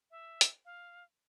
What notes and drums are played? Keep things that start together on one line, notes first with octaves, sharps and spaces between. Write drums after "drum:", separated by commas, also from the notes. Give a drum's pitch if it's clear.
E5
drum: hi-hat
F5